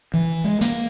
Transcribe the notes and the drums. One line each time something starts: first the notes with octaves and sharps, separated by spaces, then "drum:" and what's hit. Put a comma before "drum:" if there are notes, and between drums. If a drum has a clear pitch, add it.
E3
G#3
A#3, drum: hi-hat